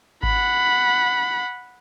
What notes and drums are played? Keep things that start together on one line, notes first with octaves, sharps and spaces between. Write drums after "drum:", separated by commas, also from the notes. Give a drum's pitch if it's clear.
F#5 B5, drum: kick G#1